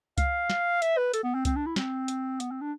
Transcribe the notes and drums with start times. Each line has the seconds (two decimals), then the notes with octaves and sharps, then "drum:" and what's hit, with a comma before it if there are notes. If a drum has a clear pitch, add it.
0.18 F5, drum: kick C2, hi-hat
0.50 drum: snare
0.82 E5, drum: hi-hat
0.97 B4
1.14 A4, drum: hi-hat
1.23 B3
1.34 C4
1.45 C4, drum: kick C2, hi-hat
1.56 D4
1.66 E4
1.76 C4, drum: snare
2.08 drum: hi-hat
2.40 B3, drum: hi-hat
2.51 C4
2.61 D4